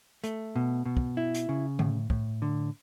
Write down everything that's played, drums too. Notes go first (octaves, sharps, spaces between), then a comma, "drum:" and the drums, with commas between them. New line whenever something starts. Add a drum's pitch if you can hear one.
A3, drum: hi-hat
B2
B2
drum: kick
E4
drum: hi-hat
C#3
A2, drum: tom D3
A2, drum: kick
D3